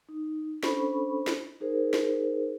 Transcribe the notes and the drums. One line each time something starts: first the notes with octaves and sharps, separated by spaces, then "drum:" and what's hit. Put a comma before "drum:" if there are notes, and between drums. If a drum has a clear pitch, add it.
D#4
C#4 D4 A4 C5 B5 C#6, drum: snare
drum: snare
D#4 G#4 A#4 C5
drum: snare